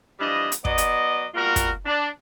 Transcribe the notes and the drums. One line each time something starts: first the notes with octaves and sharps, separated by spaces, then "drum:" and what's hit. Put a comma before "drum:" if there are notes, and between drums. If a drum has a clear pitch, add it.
E3 F3 G3 D4 D#5
drum: hi-hat
F#3 B3 D5 D#5, drum: kick
drum: hi-hat
B2 G3 A#3 F4 F#4 A#4
drum: kick, hi-hat
D4